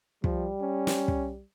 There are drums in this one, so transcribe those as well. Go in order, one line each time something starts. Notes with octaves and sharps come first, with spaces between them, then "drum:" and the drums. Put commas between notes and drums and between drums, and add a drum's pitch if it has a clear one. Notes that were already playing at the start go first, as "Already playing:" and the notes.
F3 G3, drum: kick
C#4
drum: snare
drum: kick